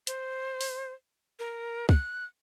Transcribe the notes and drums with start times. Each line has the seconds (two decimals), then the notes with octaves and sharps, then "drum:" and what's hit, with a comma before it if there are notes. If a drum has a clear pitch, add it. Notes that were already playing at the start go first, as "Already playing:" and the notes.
0.07 C5, drum: hi-hat
0.61 drum: open hi-hat
1.39 A#4
1.89 F#6, drum: kick